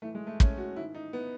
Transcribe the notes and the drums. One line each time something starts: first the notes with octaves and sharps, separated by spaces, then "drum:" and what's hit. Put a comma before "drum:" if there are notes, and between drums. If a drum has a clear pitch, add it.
A2 E3 A3
G#3
A3
C#4, drum: kick
F#4
G#2 D#3 E4
D#4
B3